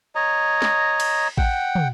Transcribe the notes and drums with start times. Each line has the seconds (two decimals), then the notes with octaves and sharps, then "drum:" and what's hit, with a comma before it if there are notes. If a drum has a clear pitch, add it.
0.15 C#5 D#5 A#5
0.62 drum: snare
1.00 drum: cymbal
1.38 F#5 G5, drum: kick A1
1.75 drum: tom